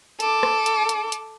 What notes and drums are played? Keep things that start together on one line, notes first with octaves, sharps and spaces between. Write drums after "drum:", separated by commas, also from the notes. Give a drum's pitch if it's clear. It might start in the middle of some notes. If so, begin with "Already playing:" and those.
A4 D6, drum: hi-hat
drum: rim click
drum: hi-hat
drum: hi-hat
drum: hi-hat